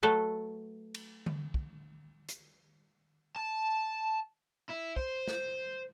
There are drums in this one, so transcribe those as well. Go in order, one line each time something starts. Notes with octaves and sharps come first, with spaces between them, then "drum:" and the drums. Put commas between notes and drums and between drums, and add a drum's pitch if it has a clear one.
F#3 A3 A4 B4
drum: cymbal
drum: tom D3
drum: kick
drum: hi-hat
A5
E4
C5, drum: kick
drum: snare